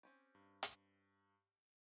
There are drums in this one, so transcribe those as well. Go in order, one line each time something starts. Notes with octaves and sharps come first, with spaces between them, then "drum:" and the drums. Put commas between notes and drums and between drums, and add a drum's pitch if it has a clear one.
C4 C#4 G4
G2
drum: hi-hat